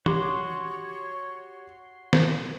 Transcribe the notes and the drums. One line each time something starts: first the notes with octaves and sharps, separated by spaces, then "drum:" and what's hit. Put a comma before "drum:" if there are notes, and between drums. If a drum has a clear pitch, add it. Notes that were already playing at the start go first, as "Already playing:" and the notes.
F#4 G4 C#5 C6 D6, drum: tom
drum: snare